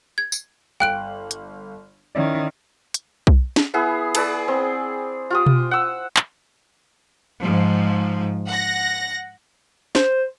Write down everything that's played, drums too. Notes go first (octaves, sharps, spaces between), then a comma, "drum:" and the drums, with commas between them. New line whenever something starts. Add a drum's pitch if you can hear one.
G#6
drum: tambourine
G1 F5 G5 F#6 D7 F#7
drum: hi-hat
D#3 C#4 E4 D5
drum: hi-hat
drum: kick B1
drum: snare
B3 E4 G#4
G#4 B4 D5, drum: cymbal
C4
F4 G4 D#6
drum: tom B2
F#5 E6
drum: clap
G#2 F3
F#5 A#6
C5, drum: snare